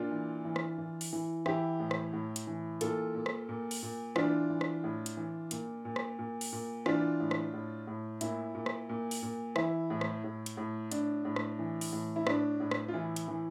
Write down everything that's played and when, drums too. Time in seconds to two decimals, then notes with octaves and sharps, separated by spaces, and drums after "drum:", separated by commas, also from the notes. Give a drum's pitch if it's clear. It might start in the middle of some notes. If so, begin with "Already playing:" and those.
Already playing: A#2 D4 F4
0.11 E3
0.45 E3
0.56 drum: rim click
0.78 E3
1.01 drum: open hi-hat
1.13 E3
1.46 E3 E4 G4, drum: rim click
1.80 A2
1.91 drum: rim click
2.13 A2
2.36 drum: hi-hat
2.47 E3
2.81 A#2 F4 A4, drum: hi-hat
3.15 A#2
3.26 drum: rim click
3.49 A#2
3.71 drum: open hi-hat
3.82 A#2
4.16 E3 D4 F4, drum: rim click
4.50 E3
4.61 drum: rim click
4.84 A2
5.06 drum: hi-hat
5.17 E3
5.51 A#2, drum: hi-hat
5.85 A#2
5.96 drum: rim click
6.19 A#2
6.41 drum: open hi-hat
6.52 A#2
6.86 E3 D4 F4, drum: rim click
7.20 A2
7.31 drum: rim click
7.54 A2
7.87 A2
8.21 A#2 E4, drum: hi-hat
8.55 A#2
8.66 drum: rim click
8.89 A#2
9.11 drum: open hi-hat
9.23 A#2
9.56 E3 E4, drum: rim click
9.90 A2
10.01 drum: rim click
10.24 A2
10.46 drum: hi-hat
10.57 A2
10.91 A2 D4, drum: hi-hat
11.25 A2
11.36 drum: rim click
11.59 E3
11.81 drum: open hi-hat
11.93 A2
12.16 E4
12.27 A2 D4, drum: rim click
12.60 A2
12.71 drum: rim click
12.88 F4
12.94 E3 E4
13.16 drum: hi-hat
13.28 E3